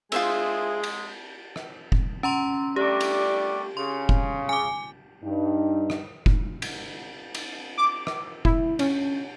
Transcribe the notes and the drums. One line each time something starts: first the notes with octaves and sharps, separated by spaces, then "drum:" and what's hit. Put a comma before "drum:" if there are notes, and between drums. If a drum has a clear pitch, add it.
G#3 F4 G#4 C5 E5, drum: cymbal
drum: cymbal
drum: rim click
drum: kick F1
C#4 A#5 C6
G3 A3 D4 G4
drum: cymbal
C#3 C6
drum: kick F1
G#5 D6
G2 D#4
drum: rim click
drum: kick F1
drum: cymbal
drum: cymbal
D6
drum: rim click
E4, drum: kick F1
C#4, drum: cymbal